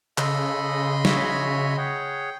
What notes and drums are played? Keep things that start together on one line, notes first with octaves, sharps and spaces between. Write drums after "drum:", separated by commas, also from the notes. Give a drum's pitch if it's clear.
C#3 A4 D#5 B5 C6, drum: clap
F#4 C#5 E5, drum: snare
G#4 C#5 F#5 G5